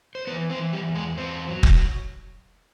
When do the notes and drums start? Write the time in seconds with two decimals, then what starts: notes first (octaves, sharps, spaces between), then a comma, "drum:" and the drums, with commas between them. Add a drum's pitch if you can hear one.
0.15 C5
0.27 E3 B3 B4
0.50 C4 C5
0.58 E3
0.73 G3 G4
0.88 E2
0.95 G#3 G#4
1.17 E2 C4 C5
1.48 F#3
1.63 drum: kick